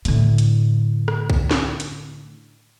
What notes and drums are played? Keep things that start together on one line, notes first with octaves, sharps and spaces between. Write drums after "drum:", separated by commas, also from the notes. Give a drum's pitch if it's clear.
A2 D3, drum: hi-hat
drum: hi-hat
drum: rim click
drum: kick
drum: snare
drum: hi-hat